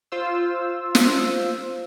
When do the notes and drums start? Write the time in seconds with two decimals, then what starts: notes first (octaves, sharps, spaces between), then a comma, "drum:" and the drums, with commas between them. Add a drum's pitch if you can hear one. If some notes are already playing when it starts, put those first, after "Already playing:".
0.12 F4 C5 E6
0.95 drum: snare